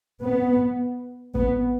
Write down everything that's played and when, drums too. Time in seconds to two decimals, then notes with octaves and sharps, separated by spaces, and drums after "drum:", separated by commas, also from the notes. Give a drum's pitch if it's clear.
0.23 B3
1.35 B3, drum: kick G#1